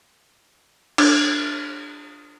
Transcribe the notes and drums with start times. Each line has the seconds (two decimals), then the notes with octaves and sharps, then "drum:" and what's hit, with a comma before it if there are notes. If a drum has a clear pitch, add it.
0.98 D4, drum: cymbal